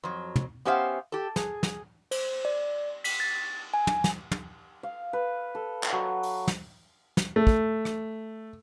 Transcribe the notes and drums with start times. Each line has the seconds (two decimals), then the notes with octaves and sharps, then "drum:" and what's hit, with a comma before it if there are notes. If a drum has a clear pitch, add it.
0.04 F2 F#3
0.36 drum: tom
0.65 B3 C#4 G4 C5 E5 F5
1.12 G4 A4
1.36 G#4, drum: snare
1.63 drum: snare
2.11 C5, drum: cymbal
2.45 D5
3.04 B6, drum: cymbal
3.20 A6
3.74 G#5
3.87 drum: tom
4.04 drum: snare
4.32 drum: tom
4.83 F5
5.13 B4
5.55 A4
5.83 drum: clap
5.92 F#3
6.23 drum: open hi-hat
6.48 drum: snare
7.17 drum: snare
7.36 A3
7.47 drum: kick
7.85 drum: rim click